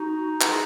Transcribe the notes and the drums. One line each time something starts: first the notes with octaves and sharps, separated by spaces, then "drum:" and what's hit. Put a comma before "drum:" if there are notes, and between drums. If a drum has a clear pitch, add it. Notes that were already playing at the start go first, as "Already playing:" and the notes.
Already playing: D#4 F#4
G#4, drum: clap